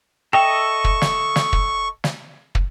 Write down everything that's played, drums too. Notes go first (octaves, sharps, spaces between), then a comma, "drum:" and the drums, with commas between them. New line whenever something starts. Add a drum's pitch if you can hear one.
A4 D#5 E5 G5 C#6
drum: kick
drum: snare
drum: snare
drum: kick
drum: snare
drum: kick